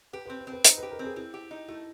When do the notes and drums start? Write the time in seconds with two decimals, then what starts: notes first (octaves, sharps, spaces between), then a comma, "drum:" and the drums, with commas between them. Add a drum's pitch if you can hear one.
0.13 G4 B4
0.26 B4
0.30 C4
0.39 C5
0.47 C4
0.52 B4
0.64 D#4 C5, drum: hi-hat
0.78 B4
0.83 G4
0.91 A#4
0.99 C4 G#4
1.16 C4 E4
1.34 G4
1.51 D#4
1.68 A3 E4